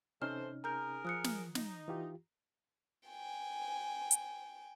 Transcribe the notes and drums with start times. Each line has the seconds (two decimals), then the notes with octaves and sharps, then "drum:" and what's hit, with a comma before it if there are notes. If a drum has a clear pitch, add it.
0.22 C3 E3 C#4 D#4 A4 C5 F6
0.64 G#4 A#4 A#5 F6 G6
1.05 F3 D#6 F#6 C#7
1.24 drum: snare
1.55 D#4, drum: snare
1.88 E3 F4 G4
3.09 G5 G#5
4.11 drum: hi-hat